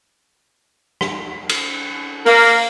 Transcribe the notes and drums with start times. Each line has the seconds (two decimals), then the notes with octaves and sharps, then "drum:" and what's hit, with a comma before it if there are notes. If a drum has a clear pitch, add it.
1.01 drum: rim click
1.49 drum: cymbal
2.26 A#3, drum: open hi-hat